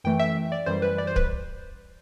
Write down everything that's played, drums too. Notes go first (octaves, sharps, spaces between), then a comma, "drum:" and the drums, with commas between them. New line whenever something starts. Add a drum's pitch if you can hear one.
F#2 E3 A3 G5
E5
D5
F#2 E3 G3 C5
B4
D5
C5
B4, drum: kick